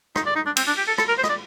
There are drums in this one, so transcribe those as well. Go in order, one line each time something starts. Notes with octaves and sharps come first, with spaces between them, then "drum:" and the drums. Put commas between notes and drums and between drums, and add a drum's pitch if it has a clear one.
D#4, drum: rim click
D5
D#4
D4
C4, drum: cymbal
D4
G4
A4
A4, drum: rim click
A#4
C5
D#5, drum: rim click
D5